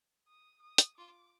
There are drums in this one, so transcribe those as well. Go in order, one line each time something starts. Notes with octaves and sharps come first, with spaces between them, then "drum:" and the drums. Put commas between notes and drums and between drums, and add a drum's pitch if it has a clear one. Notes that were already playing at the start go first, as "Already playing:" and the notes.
D#6
D#6
drum: hi-hat
F4 D6